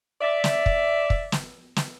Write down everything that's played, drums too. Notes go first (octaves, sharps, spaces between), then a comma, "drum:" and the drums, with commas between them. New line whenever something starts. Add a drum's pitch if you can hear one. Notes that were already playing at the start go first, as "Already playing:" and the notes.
D5 E5
drum: snare
drum: kick
drum: kick
drum: snare
drum: snare